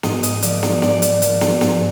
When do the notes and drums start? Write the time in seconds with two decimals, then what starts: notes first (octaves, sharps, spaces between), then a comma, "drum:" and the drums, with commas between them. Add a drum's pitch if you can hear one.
0.03 G#2 D#5, drum: snare
0.23 D#5, drum: hi-hat
0.42 F3 A#3 D5, drum: hi-hat
0.63 drum: snare
0.82 G#2 D5, drum: snare
1.02 drum: hi-hat
1.22 F3 A#3, drum: hi-hat
1.41 drum: snare
1.61 G#2, drum: snare